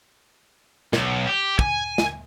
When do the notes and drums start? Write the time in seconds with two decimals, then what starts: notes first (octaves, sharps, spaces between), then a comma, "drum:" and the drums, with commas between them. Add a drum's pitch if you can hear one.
0.93 B1, drum: snare
1.27 G4
1.59 G#5, drum: kick
1.98 drum: snare